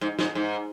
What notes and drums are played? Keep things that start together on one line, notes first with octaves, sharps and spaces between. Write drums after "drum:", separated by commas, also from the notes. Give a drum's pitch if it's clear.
G#2
G#2, drum: snare
G#2